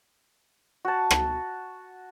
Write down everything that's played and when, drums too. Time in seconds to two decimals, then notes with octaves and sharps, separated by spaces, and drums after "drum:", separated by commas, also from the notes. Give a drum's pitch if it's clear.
0.85 F#4 A5
1.11 drum: rim click